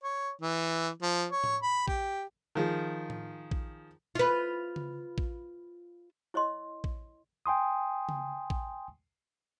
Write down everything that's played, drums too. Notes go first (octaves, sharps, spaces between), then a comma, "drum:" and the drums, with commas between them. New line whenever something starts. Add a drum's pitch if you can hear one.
C#5
E3
F3
C#5
drum: tom A2
B5
G4, drum: kick
D#3 F3 G#4
drum: tom A2
drum: kick
F4 B4
drum: tom C#3
drum: kick
E4 C#5 D#5 C6
drum: kick
G5 G#5 C6 D#6
drum: tom C#3
drum: kick